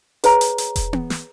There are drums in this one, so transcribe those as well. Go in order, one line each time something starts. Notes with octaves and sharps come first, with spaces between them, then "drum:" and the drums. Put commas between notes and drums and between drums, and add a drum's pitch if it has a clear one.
G#4 B4 C#5 A#5, drum: hi-hat
drum: hi-hat
drum: hi-hat
drum: kick E1, hi-hat
drum: tom B3
drum: snare